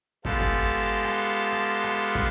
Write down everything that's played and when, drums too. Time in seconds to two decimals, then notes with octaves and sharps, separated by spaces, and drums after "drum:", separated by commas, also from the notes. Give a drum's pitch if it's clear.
0.25 G#3 B3 F4 G4 A4, drum: kick
0.41 drum: kick
1.04 drum: rim click
1.52 drum: rim click
1.83 drum: rim click
2.15 drum: kick